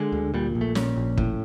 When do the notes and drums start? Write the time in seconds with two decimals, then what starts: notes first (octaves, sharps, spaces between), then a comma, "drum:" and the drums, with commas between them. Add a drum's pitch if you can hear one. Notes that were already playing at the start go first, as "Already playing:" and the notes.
Already playing: D3 G#3
0.12 D2
0.34 A#2 G3
0.55 A#1
0.61 A3
0.75 A#2 C#4, drum: snare
0.96 A#1
1.18 A2, drum: kick